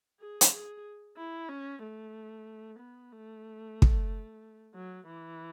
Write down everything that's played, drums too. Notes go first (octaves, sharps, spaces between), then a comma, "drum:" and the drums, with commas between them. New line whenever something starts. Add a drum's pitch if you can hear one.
G#4
drum: hi-hat
G#4
E4
C#4
A3
B3
A3
drum: kick
F#3
E3